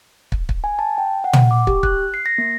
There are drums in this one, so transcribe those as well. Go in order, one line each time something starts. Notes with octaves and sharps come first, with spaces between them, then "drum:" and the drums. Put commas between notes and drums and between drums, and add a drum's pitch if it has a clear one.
drum: kick
drum: kick
G#5
A5
G5
F#5
drum: tom
D6
G4, drum: kick
F#6, drum: kick
C7
A#6
A#3